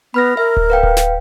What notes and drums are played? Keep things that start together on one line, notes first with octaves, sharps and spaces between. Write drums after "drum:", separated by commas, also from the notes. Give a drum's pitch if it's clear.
B3 B5 F6 A#6
A#4 E5
drum: kick D1
B4 F5 G5
drum: kick D1
drum: snare